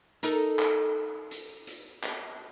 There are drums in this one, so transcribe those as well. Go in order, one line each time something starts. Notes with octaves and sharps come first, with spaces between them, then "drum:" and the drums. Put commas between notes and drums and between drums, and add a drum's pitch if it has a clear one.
D#4 A4 A#4, drum: hi-hat
drum: clap
drum: hi-hat
drum: hi-hat
drum: clap